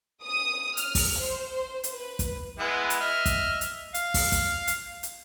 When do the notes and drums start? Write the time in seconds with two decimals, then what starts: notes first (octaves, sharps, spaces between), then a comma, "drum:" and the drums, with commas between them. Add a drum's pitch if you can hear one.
0.24 D#6
0.77 F6, drum: hi-hat
0.95 drum: kick, open hi-hat
1.20 C5
1.84 drum: hi-hat
1.96 B4
2.19 drum: kick, hi-hat
2.59 G#3 B3 E4
2.90 drum: hi-hat
3.01 D#5 E5 F6
3.26 drum: kick, hi-hat
3.61 drum: hi-hat
3.94 F5, drum: hi-hat
4.14 drum: kick, open hi-hat
4.32 drum: kick, hi-hat
4.67 drum: hi-hat
5.03 drum: hi-hat